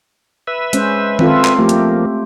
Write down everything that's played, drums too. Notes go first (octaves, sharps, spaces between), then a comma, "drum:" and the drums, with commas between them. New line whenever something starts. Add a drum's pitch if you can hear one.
B4 E5
G#3 C#4 C5, drum: hi-hat
C4 F4 A4, drum: tom D#3
drum: clap
F3 A3 A#3 G4
drum: hi-hat